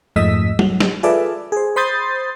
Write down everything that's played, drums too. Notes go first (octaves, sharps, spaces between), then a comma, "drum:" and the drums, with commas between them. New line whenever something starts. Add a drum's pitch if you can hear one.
F2 G#2 A3 D#5 E6 B6
F#3, drum: tom
drum: snare
F4 G#4 A4 B4 D5 E5
G#4 C5
C5 B5 C6 D#6 G6 A6